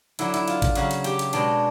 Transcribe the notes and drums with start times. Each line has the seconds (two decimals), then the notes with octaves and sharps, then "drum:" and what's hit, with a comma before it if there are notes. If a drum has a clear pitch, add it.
0.19 D3 F#3 E4, drum: cymbal
0.34 E4, drum: cymbal
0.48 F4, drum: cymbal
0.62 drum: kick A1, cymbal
0.75 C#3 F#3 F#4, drum: cymbal
0.91 drum: cymbal
1.04 G4, drum: cymbal
1.19 drum: cymbal
1.33 B2 G#3 D4, drum: cymbal